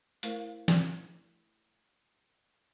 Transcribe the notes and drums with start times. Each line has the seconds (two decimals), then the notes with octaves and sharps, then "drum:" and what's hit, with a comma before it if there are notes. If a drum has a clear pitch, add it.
0.23 A3 E4 A#4 C5 F5, drum: hi-hat
0.68 drum: snare